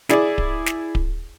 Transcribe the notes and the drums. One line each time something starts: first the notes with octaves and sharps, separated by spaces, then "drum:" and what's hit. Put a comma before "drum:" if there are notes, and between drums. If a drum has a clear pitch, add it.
E4 G#4 D5, drum: snare
drum: kick D1
drum: snare
drum: kick D1